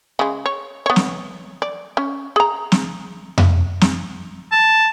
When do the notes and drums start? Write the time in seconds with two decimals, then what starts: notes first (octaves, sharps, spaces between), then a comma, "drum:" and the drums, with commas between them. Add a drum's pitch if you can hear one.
0.19 C#3 G#3
0.46 C#5
0.86 B3 C#5
0.96 drum: snare
1.62 D5
1.97 C#4
2.36 G#4 A#5
2.72 drum: snare
3.38 drum: tom F2
3.81 drum: snare
4.52 A5